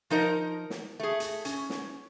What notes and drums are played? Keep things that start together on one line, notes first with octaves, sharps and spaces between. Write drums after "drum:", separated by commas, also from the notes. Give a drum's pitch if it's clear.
F3 D#4 A#4 D#5
drum: snare
A3 G#4
drum: hi-hat
C#4, drum: hi-hat
drum: snare